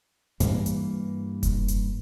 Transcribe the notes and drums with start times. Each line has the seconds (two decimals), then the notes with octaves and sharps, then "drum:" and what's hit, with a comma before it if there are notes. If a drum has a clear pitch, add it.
0.40 G2 E3 A#3, drum: hi-hat
0.66 drum: hi-hat
1.43 drum: kick F1, hi-hat
1.68 drum: hi-hat